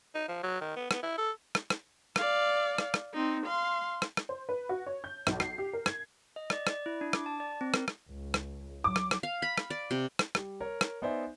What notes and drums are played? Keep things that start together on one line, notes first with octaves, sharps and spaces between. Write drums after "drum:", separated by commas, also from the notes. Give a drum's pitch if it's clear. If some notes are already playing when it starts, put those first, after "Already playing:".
D#4
F3
F#3
D#3
B3
B3, drum: rim click
E4
A4
drum: rim click
drum: rim click
D5 F5, drum: rim click
drum: rim click
drum: rim click
C4 D#4
F5 C6
drum: rim click
drum: rim click
C5
B4
F#4
C#5
G6
B1, drum: rim click
C7, drum: rim click
G4
A#4
G#6, drum: rim click
D#5
D5, drum: rim click
D5, drum: rim click
E4
D4
D6, drum: rim click
A5
D5
C4
A#4, drum: rim click
drum: rim click
C#2
drum: rim click
F#3 D6
drum: rim click
drum: rim click
F5
B5
drum: rim click
D5
C3
drum: rim click
G3, drum: rim click
A#4 C#5
drum: rim click
B3 D#4 C5 D5 E5 G#5